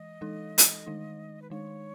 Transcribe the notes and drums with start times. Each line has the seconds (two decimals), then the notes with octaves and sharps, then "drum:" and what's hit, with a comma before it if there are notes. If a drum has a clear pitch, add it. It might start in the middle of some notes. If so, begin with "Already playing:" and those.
Already playing: E3 G#3 D#5
0.21 E3 G#3 D#4 A4
0.58 drum: hi-hat
0.86 D#3 G#3 D#4
1.42 B4
1.50 D#3 G#3 D#4 C#5